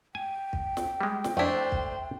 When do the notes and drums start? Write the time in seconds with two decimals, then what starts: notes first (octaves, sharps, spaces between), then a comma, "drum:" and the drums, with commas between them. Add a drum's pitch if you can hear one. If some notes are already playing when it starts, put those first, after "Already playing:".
0.15 G5 G#5
0.53 drum: kick
0.77 drum: snare
1.01 G3 G#3
1.24 drum: snare
1.37 F2 A3 D4 E4 C5
1.72 drum: kick